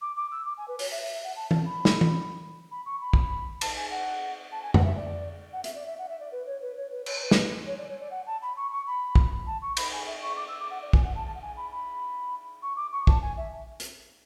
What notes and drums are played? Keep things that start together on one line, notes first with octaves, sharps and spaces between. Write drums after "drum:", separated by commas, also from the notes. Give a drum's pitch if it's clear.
D6
D6
E6
D6
G#5
B4
C#5, drum: open hi-hat
E5
E5
E5
F#5
A5
A5, drum: tom E3
B5
drum: snare
drum: tom E3
B5
C#6
B5
drum: kick
A5, drum: cymbal
G#5
F#5
A5
G#5
F#5, drum: tom F2
E5
D5
F#5
E5, drum: hi-hat
D5
E5
F#5
E5
D5
B4
C#5
B4
C#5
B4
C#5, drum: cymbal
B4
drum: snare
C#5
D5
C#5
D5
F#5
A5
B5
C#6
C#6
B5
drum: kick
A5
C#6
B5, drum: cymbal
G#5
E5
C#6
D6
E6
D6
F#5
D5
G#5, drum: kick
F#5
A5
A5
F#5
G#5
B5
B5
C#6
D6
C#6
A5, drum: kick
G#5
E5
drum: hi-hat